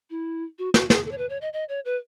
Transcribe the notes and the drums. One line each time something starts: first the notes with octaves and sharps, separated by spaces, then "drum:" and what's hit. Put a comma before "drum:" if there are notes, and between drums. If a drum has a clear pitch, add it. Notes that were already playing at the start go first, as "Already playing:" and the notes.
E4
F#4
F#4, drum: snare
G#4, drum: snare
A4
C#5
B4
C#5
D#5
D#5
C#5
B4